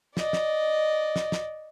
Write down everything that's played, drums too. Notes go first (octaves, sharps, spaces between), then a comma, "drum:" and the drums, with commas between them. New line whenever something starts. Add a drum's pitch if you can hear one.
D5 D#5, drum: snare
drum: snare
drum: snare
drum: snare